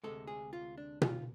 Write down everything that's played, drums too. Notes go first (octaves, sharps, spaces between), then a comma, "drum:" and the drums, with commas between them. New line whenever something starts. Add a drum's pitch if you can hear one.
D2 C3 G#3 A4
G#4
F4
D4
F4, drum: tom B2